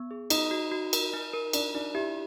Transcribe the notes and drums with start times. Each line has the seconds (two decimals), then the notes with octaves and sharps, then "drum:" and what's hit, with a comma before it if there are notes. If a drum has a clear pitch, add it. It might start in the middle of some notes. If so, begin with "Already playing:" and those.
Already playing: B3
0.11 G#4
0.30 D#4 F#4, drum: cymbal
0.51 F#4
0.72 F#4
0.93 A#4, drum: cymbal
1.13 D#4
1.33 A#4
1.53 D4 A#4, drum: cymbal
1.75 D4 D#4
1.95 E4 G4